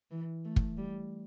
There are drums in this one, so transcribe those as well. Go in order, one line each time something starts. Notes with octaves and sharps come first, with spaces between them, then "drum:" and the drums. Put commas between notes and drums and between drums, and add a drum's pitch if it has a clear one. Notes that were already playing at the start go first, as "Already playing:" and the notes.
E3
A3
drum: kick
G3